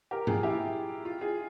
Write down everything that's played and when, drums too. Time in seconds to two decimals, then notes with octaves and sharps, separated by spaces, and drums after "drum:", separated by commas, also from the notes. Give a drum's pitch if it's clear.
0.11 G4 A#4
0.27 F4 G#4, drum: tom G#2
0.43 E4 G4
1.05 F4
1.21 F4 G#4